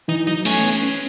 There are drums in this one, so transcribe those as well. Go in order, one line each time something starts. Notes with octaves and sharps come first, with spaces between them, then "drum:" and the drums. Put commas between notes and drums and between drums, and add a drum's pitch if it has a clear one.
E3 D#4
F#3 D#4
A3 C#4, drum: cymbal
A3
B3
C#4